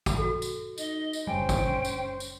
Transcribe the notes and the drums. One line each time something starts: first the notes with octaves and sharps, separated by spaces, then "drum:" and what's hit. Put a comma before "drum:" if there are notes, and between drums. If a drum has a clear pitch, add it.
drum: kick, tambourine
F#4 A4
drum: tambourine
D#4 D#5, drum: tambourine
drum: tambourine
F#1 G3 C#4 C5 G5 G#5
drum: kick, tambourine
drum: tambourine
drum: tambourine